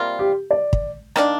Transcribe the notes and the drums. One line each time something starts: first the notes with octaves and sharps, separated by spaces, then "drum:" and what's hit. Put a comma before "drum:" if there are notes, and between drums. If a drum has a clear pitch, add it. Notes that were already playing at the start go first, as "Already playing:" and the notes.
Already playing: C3 G3 A#3 F4
G4
D5
drum: kick
D#3 A#3 D4, drum: rim click